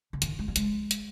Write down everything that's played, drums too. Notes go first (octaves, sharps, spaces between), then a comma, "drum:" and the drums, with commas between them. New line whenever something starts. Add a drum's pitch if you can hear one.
D3
D#3, drum: hi-hat
G#3
G3
G#3, drum: hi-hat
drum: hi-hat